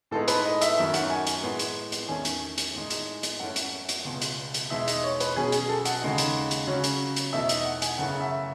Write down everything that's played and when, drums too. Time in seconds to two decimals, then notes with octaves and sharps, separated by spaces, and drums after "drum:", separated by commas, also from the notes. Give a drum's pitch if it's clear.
0.11 A2 G#3 B3 D#4 A4
0.28 B4, drum: hi-hat
0.45 D#5
0.61 E5, drum: hi-hat
0.78 F#2 D#3 F#3 A3 E5
0.94 F#5, drum: hi-hat
1.10 G#5
1.27 drum: hi-hat
1.43 A2 G#3 B3
1.59 drum: hi-hat
1.92 drum: hi-hat
2.08 E2 D#3 A3 C#4 G#5
2.25 drum: hi-hat
2.58 drum: hi-hat
2.75 A2 G#3 D#4
2.90 drum: hi-hat
3.23 drum: hi-hat
3.40 F#2 E3 A3 C#4 F#5
3.56 drum: hi-hat
3.89 drum: hi-hat
4.05 C#2 B2 G#3
4.21 drum: hi-hat
4.54 drum: hi-hat
4.70 E2 B2 G#3 D#4 E5
4.88 D#5, drum: hi-hat
5.04 C#5
5.20 B4, drum: hi-hat
5.36 B2 F#3 C#4 G#4
5.52 G#4, drum: hi-hat
5.69 A4
5.85 F#5, drum: hi-hat
6.02 D#2 C#3 G#3 D#4
6.18 drum: hi-hat
6.51 drum: hi-hat
6.67 C#3 F#3 C#4
6.84 drum: hi-hat
7.16 drum: hi-hat
7.33 E2 B2 A3 D#4 E5
7.49 D#5, drum: hi-hat
7.65 F#5
7.82 G#5, drum: hi-hat
7.98 F#2 C#3 E3 A3 F#5
8.20 E5